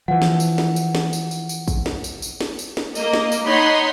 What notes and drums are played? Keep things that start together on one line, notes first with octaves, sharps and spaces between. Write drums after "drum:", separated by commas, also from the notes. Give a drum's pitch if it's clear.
E3 F3 F#5
drum: snare
drum: tambourine
drum: snare
drum: tambourine
drum: snare
drum: tambourine
drum: tambourine
drum: tambourine
drum: kick, tambourine
drum: snare
drum: tambourine
drum: tambourine
drum: snare
drum: tambourine
drum: snare
A#3 D#5, drum: tambourine
drum: snare
drum: tambourine
D#4 C#5 D#5 F#5 B5 C6